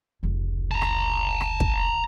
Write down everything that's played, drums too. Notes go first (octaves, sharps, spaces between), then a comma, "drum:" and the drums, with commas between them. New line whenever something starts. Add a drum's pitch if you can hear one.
F1 C#2
A5 A#5
drum: rim click
drum: rim click
drum: kick